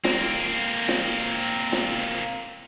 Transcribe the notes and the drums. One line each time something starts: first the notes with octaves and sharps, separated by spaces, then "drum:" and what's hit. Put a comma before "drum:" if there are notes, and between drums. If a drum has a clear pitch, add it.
A#3 C4, drum: snare
drum: snare
drum: snare